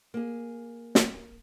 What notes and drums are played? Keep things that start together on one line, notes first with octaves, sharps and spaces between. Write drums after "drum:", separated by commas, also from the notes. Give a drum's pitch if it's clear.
A#3 G#4
drum: snare